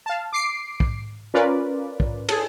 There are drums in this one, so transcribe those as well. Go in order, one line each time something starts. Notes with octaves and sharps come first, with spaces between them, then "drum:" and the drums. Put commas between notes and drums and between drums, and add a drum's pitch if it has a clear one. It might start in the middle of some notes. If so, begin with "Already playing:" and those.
F5 A5
D6 C7 D7
drum: kick
C#4 F4 A#4 B4 D5
drum: kick
G#4 A4, drum: cymbal